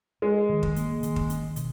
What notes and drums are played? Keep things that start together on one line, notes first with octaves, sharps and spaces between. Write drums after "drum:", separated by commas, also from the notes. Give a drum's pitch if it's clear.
G#3 C#4
D#3
drum: kick
A#3, drum: hi-hat
D#3, drum: hi-hat
drum: kick
C#4, drum: hi-hat
B2, drum: hi-hat